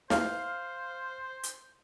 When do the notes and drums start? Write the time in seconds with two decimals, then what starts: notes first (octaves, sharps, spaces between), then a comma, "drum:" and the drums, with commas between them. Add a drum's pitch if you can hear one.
0.10 C5 F5, drum: snare
1.43 drum: hi-hat